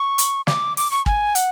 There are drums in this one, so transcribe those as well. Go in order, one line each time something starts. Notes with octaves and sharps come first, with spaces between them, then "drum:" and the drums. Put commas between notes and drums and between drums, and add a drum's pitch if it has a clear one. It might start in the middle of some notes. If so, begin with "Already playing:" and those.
Already playing: C#6
drum: hi-hat
D6, drum: snare
D6, drum: open hi-hat
C#6
G#5, drum: kick
F#5, drum: hi-hat